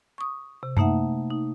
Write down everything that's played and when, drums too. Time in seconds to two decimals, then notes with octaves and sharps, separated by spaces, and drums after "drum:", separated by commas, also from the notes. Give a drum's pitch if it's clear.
0.18 C#6 D#6
0.63 C3
0.77 A3 A#3 D#4 E5 F#5, drum: tom F#2
1.31 D#4